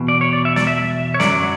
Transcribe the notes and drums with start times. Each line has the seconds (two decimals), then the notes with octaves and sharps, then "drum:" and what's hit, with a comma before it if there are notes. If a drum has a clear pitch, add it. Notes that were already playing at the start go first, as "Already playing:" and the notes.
Already playing: E2 B2
0.08 D5
0.21 C#5
0.33 D5
0.45 E5
0.56 D5, drum: snare
0.67 E5
1.14 C#5
1.20 F#2 D3 F#3 D5, drum: snare